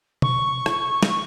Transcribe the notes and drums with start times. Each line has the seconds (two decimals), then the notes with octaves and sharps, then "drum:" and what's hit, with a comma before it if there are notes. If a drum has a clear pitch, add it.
0.22 C#6, drum: tom
0.66 drum: rim click
1.03 drum: snare